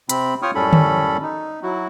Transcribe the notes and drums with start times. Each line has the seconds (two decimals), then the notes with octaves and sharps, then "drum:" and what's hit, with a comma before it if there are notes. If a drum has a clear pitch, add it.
0.09 C3 C4 B5, drum: hi-hat
0.42 F4 C#5 G5 C#6 D#6 F6
0.55 F#2 A2 G3 C#4 A4 B5
0.73 drum: tom D3
1.22 D#4
1.63 F#3 E4 F#4